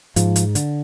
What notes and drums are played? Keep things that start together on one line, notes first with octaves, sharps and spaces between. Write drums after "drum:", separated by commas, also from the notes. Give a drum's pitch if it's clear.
G#2 F3, drum: hi-hat
drum: hi-hat
D3, drum: hi-hat